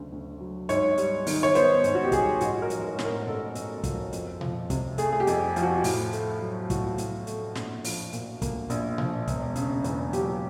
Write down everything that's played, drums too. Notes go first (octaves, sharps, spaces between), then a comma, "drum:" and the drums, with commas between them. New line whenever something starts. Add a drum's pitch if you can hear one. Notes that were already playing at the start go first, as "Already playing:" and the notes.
Already playing: D2 C#3 F#3
D2
F#3
G#2 C#5, drum: hi-hat
G3, drum: hi-hat
D#3, drum: open hi-hat
C#5
B3 C5, drum: hi-hat
G#2, drum: hi-hat
F#4
G4
G3 G#4, drum: kick, hi-hat
A1 F#4, drum: hi-hat
A#4
F3, drum: hi-hat
A#4
A2, drum: snare
A#4
A1 A4
A1, drum: hi-hat
F3, drum: kick, hi-hat
F2, drum: hi-hat
F3, drum: tom A#2
C3, drum: kick, hi-hat
A3 G#4, drum: hi-hat
G#4
G4
F2, drum: hi-hat
F3, drum: hi-hat
F#4
A2, drum: open hi-hat
A3, drum: hi-hat
F#3
A2 F#4, drum: kick, hi-hat
A2, drum: hi-hat
A3, drum: hi-hat
A#1, drum: snare
F3, drum: open hi-hat
A#2, drum: hi-hat
A#3, drum: kick, hi-hat
A#1, drum: hi-hat
F3, drum: tom A#2
E1, drum: kick, hi-hat
C#3, drum: hi-hat
E2, drum: hi-hat
F#3 G4, drum: hi-hat